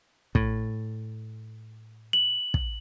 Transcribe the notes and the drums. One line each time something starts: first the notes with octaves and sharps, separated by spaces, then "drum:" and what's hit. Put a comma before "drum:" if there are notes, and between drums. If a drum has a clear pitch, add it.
A2, drum: kick
F#7
drum: kick